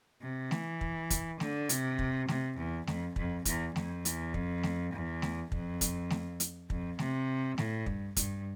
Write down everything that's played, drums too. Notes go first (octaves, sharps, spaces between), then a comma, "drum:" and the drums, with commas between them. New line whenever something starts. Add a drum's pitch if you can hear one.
C3
E3, drum: snare A3
drum: kick
drum: kick, hi-hat
D3, drum: snare A3
C3, drum: hi-hat
drum: kick
C3, drum: snare A3
E2
F2, drum: snare A3
F2, drum: kick
E2, drum: kick, hi-hat
F2, drum: snare A3
E2, drum: hi-hat
F2, drum: kick
drum: snare A3
E2
drum: snare A3
F2, drum: kick
drum: kick, hi-hat
drum: snare A3
drum: hi-hat
F2, drum: kick
C3, drum: snare A3
A2, drum: snare A3
G2, drum: kick
G2, drum: kick, hi-hat